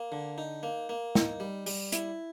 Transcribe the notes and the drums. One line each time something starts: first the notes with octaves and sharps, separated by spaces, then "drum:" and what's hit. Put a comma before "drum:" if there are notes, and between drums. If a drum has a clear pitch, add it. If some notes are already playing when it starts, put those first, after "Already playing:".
Already playing: A#3
D3
D#4
A#3
A#3
D#4, drum: snare
G3
G3, drum: open hi-hat
E4, drum: hi-hat